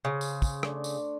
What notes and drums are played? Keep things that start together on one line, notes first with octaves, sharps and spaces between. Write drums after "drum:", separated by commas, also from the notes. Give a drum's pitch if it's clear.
C#3 G#4 C5
drum: tambourine
drum: kick, tambourine
A3 D4, drum: rim click
drum: tambourine